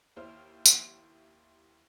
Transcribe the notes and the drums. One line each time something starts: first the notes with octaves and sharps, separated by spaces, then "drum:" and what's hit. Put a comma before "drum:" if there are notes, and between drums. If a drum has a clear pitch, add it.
D#2 E4 C5 E5 F6
drum: tambourine